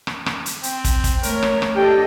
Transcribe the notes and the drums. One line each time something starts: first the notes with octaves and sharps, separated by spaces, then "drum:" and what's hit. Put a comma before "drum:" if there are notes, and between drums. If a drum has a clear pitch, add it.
drum: rim click
drum: rim click
drum: hi-hat
C4, drum: hi-hat
drum: kick, hi-hat
drum: kick, hi-hat
A3 A#4 C#5, drum: hi-hat
drum: rim click
drum: rim click
D4 G4 A4 D#5 G5